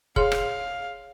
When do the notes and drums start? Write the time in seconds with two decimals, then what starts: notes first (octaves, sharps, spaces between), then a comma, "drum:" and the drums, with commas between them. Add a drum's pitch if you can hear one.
0.16 G#4 C#5 F5 C6, drum: kick
0.32 drum: rim click